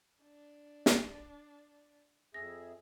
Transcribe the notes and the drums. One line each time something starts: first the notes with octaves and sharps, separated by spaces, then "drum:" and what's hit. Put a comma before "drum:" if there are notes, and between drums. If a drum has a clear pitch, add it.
D4
drum: snare
F2 G#4 E5 A#6